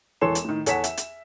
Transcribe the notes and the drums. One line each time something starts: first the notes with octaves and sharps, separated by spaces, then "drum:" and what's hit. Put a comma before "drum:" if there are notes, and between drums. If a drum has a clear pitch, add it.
E1 E3 A4 C#5 C6 E7
drum: hi-hat
A2 D#3
E2 A4 C#5 F#5 B6 E7, drum: hi-hat
E5, drum: hi-hat
drum: hi-hat